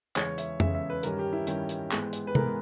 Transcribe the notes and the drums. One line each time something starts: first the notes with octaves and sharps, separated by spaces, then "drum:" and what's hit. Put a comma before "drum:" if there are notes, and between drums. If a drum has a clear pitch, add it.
E2 C#3 G#3 C#4 C#5, drum: clap
E5, drum: hi-hat
E2 C#3 G#3 C#4 E5, drum: tom
E5
B4
G2 D#3 G3 C#4 A#4, drum: hi-hat
G4
E4
G2 D#3 G3 C#4 G4, drum: hi-hat
drum: hi-hat
G#2 E3 G#3 B3, drum: clap
drum: hi-hat
B4
G#2 E3 G#3 B3 A#4, drum: tom C3